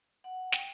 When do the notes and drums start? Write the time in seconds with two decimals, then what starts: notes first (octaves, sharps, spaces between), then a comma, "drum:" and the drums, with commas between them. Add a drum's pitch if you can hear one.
0.24 F#5
0.52 G5, drum: snare